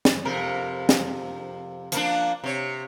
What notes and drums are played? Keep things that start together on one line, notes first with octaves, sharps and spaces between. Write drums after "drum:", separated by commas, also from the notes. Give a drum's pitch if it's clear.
drum: snare
F2 C3 A#4
drum: snare
F3 A#3 D4, drum: hi-hat
C3 C#5